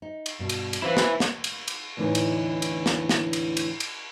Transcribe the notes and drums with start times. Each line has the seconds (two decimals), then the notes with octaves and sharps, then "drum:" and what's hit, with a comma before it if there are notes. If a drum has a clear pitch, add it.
0.02 D#4
0.26 drum: cymbal
0.39 G2 B2
0.49 drum: cymbal
0.73 drum: cymbal
0.82 C4 E4 B4 F5
0.97 drum: snare
1.20 drum: snare
1.44 drum: cymbal
1.68 drum: cymbal
1.97 E2 A2 D3 E3 D#4
2.15 drum: cymbal
2.62 drum: cymbal
2.86 drum: snare
3.09 drum: snare
3.33 drum: cymbal
3.57 drum: cymbal
3.80 drum: cymbal